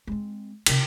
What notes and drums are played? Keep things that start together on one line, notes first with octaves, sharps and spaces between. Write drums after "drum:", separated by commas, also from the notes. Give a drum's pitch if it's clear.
G#3 C4
C3 D#3, drum: cymbal